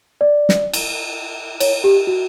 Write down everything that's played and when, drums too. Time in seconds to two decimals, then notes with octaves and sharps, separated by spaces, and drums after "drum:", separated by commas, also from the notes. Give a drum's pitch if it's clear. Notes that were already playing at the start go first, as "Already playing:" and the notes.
0.21 D5
0.49 drum: snare
0.73 drum: cymbal
1.60 C#5, drum: cymbal
1.84 G4
2.07 F#4